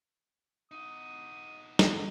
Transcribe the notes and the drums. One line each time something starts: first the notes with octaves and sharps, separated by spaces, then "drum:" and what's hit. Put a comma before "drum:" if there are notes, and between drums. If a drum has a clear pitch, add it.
D#4 F#4 D#6
drum: snare